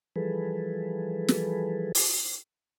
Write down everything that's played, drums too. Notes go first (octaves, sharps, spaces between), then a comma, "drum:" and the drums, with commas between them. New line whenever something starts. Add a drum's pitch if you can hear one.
E3 F3 G3 G#4 A4 B4
drum: snare
drum: open hi-hat